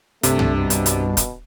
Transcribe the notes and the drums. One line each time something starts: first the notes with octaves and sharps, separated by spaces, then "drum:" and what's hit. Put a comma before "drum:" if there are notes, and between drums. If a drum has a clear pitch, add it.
C2 G2 C3 A3 D4, drum: hi-hat
drum: tom
B2
drum: hi-hat
drum: hi-hat
drum: kick, hi-hat